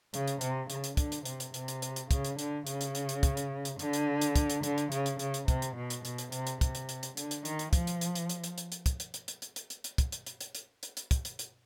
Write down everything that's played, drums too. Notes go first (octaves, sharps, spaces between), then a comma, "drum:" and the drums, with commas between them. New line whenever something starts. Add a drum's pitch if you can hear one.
C#3, drum: hi-hat
drum: hi-hat
C3, drum: hi-hat
C#3, drum: hi-hat
drum: hi-hat
D3, drum: kick, hi-hat
drum: hi-hat
C3, drum: hi-hat
drum: hi-hat
C3, drum: hi-hat
drum: hi-hat
drum: hi-hat
drum: hi-hat
C#3, drum: kick, hi-hat
drum: hi-hat
D3, drum: hi-hat
C#3, drum: hi-hat
drum: hi-hat
drum: hi-hat
drum: hi-hat
drum: kick, hi-hat
drum: hi-hat
drum: hi-hat
D3, drum: hi-hat
drum: hi-hat
drum: hi-hat
drum: kick, hi-hat
drum: hi-hat
D3, drum: hi-hat
drum: hi-hat
C#3, drum: hi-hat
drum: hi-hat
C#3, drum: hi-hat
drum: hi-hat
C3, drum: kick, hi-hat
drum: hi-hat
B2
drum: hi-hat
B2, drum: hi-hat
drum: hi-hat
C3, drum: hi-hat
drum: hi-hat
C3, drum: kick, hi-hat
drum: hi-hat
drum: hi-hat
drum: hi-hat
D3, drum: hi-hat
drum: hi-hat
D#3, drum: hi-hat
drum: hi-hat
F3, drum: kick, hi-hat
drum: hi-hat
drum: hi-hat
drum: hi-hat
drum: hi-hat
drum: hi-hat
drum: hi-hat
drum: hi-hat
drum: kick, hi-hat
drum: hi-hat
drum: hi-hat
drum: hi-hat
drum: hi-hat
drum: hi-hat
drum: hi-hat
drum: hi-hat
drum: kick, hi-hat
drum: hi-hat
drum: hi-hat
drum: hi-hat
drum: hi-hat
drum: hi-hat
drum: hi-hat
drum: kick, hi-hat
drum: hi-hat
drum: hi-hat